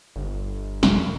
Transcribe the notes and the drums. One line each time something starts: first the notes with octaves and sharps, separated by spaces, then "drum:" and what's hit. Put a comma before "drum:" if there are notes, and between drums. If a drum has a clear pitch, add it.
G1
E1, drum: snare